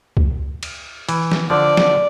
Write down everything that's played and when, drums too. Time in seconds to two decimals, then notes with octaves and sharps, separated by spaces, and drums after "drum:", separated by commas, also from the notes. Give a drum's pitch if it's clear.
0.17 drum: kick C#2
0.63 drum: cymbal
1.09 E3, drum: cymbal
1.31 drum: snare
1.50 D3 F3 D5
1.77 drum: snare